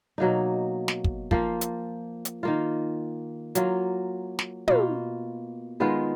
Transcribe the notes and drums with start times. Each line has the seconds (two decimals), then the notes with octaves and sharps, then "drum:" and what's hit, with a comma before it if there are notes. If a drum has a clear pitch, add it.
0.18 B2 F#3 A#3 D#4
0.88 drum: snare
1.04 drum: kick
1.31 F3 A#3 F4, drum: kick
1.61 drum: hi-hat
2.25 drum: hi-hat
2.43 D#3 A#3 F4
3.55 F#3 A#3 F4, drum: hi-hat
4.39 drum: snare
4.68 B2 A#3 F4, drum: tom
5.80 D#3 G#3 B3 F4